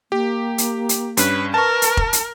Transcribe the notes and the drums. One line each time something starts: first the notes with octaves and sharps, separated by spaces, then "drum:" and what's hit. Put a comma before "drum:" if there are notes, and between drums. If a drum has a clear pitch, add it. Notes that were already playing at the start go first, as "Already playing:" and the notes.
A#3 G4
drum: hi-hat
drum: hi-hat
G2 C#4 B4, drum: hi-hat
A#4 B4 A5 C#6
drum: hi-hat
drum: kick F1
drum: hi-hat